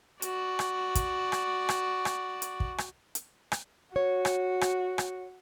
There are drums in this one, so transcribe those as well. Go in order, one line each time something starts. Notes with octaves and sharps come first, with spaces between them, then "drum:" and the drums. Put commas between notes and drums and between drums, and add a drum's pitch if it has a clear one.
F#4 D5, drum: hi-hat
drum: rim click
drum: kick, hi-hat
drum: rim click
drum: rim click
drum: rim click
drum: hi-hat
drum: kick
drum: rim click
drum: hi-hat
drum: rim click
F#4 C#5
drum: rim click
drum: rim click
drum: rim click